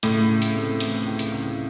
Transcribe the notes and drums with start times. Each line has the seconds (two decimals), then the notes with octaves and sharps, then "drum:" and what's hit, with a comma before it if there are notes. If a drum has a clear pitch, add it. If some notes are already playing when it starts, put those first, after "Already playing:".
0.03 C#2 A2, drum: hi-hat
0.28 C#2
0.42 drum: hi-hat
0.55 C3
0.80 E3, drum: hi-hat
1.06 C#2
1.19 drum: hi-hat
1.32 C#2